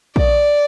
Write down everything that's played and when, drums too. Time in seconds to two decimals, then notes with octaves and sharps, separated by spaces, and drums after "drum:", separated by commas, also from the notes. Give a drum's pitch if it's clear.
0.16 D5, drum: kick A#1